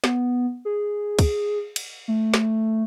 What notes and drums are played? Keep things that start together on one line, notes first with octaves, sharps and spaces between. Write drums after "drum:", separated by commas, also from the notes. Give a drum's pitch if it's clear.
B3, drum: snare
G#4
drum: kick, cymbal
drum: cymbal
A3
drum: snare